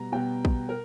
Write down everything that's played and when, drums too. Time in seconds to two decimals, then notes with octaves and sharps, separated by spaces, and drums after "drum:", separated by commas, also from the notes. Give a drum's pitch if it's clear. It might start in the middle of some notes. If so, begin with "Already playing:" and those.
Already playing: B2 G3 B3 A#5
0.12 B2 G3 B3 G5
0.45 drum: kick
0.69 A#4